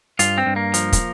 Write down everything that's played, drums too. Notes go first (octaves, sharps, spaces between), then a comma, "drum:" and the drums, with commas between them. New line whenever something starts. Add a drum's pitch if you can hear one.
G2 F4, drum: hi-hat
C4
G2
A#3
F3, drum: hi-hat
drum: kick, hi-hat